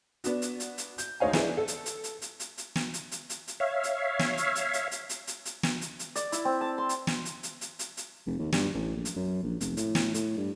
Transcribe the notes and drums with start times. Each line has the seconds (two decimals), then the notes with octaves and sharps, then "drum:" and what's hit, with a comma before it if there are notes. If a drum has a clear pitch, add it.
0.24 B3 D4 F#4, drum: hi-hat
0.42 drum: hi-hat
0.60 drum: hi-hat
0.78 drum: hi-hat
0.98 G6, drum: hi-hat
1.20 D2 D#4 C#5 F5 G#5
1.33 B3 D4 E4 G#4 B4, drum: snare
1.57 A4
1.68 drum: hi-hat
1.86 drum: hi-hat
2.04 drum: hi-hat
2.22 drum: hi-hat
2.40 drum: hi-hat
2.58 drum: hi-hat
2.76 drum: snare
2.94 drum: hi-hat
3.11 drum: hi-hat
3.29 drum: hi-hat
3.47 drum: hi-hat
3.60 C#5 E5 F5
3.83 drum: hi-hat
4.19 drum: snare
4.37 drum: hi-hat
4.55 drum: hi-hat
4.73 drum: hi-hat
4.91 drum: hi-hat
5.09 drum: hi-hat
5.27 drum: hi-hat
5.45 drum: hi-hat
5.63 drum: snare
5.81 drum: hi-hat
5.99 drum: hi-hat
6.16 D5, drum: hi-hat
6.32 E4, drum: hi-hat
6.45 C4
6.61 A5
6.78 C6
6.89 drum: hi-hat
7.07 drum: snare
7.25 drum: hi-hat
7.43 drum: hi-hat
7.61 drum: hi-hat
7.79 drum: hi-hat
7.97 drum: hi-hat
8.27 F1
8.39 D#2
8.52 G2, drum: snare
8.74 A1
8.96 A#1
9.05 drum: hi-hat
9.17 F#2
9.43 A#1
9.61 F1, drum: hi-hat
9.77 A2, drum: hi-hat
9.95 drum: snare
10.14 A2, drum: hi-hat
10.37 G2